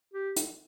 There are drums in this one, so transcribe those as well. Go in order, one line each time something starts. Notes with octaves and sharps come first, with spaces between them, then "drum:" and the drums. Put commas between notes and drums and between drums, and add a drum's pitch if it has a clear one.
G4
drum: hi-hat